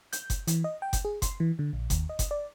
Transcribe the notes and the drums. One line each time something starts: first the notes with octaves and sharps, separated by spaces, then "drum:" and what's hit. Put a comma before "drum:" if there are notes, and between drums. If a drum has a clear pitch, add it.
G6, drum: hi-hat
drum: kick F#1, hi-hat
E3, drum: hi-hat
D#5
G5
drum: kick F#1, hi-hat
G#4
C6, drum: kick F#1, hi-hat
E3
D3
A#1
D#2, drum: kick F#1, hi-hat
D#5
drum: kick F#1, hi-hat
D5